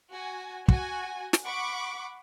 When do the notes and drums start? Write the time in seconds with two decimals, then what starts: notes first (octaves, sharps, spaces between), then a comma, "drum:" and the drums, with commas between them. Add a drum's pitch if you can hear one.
0.11 F#4 G#5
0.68 F#4 G#5, drum: kick
1.33 drum: snare
1.44 F#5 B5 C#6 D6